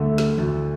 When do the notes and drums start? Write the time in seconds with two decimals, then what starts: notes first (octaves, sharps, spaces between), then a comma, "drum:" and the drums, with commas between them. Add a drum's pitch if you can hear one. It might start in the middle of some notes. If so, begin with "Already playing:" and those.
Already playing: D2 D3 A3 E5
0.18 drum: snare
0.38 D2, drum: tom D#3